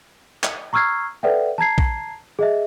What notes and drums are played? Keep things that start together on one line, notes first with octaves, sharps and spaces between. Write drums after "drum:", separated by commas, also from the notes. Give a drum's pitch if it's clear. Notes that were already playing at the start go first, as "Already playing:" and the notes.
drum: clap
A#5 C#6 E6 F6 G#6 C7
A4 B4 D5 E5 F#5 G5
A5 A#5 G#6 C7
drum: kick
G#4 D#5 E5